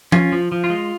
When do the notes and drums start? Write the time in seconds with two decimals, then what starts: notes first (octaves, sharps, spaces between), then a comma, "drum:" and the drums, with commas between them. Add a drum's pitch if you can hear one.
0.12 C#4 F4, drum: tom F3
0.32 F3
0.52 F3
0.64 F4
0.70 G#3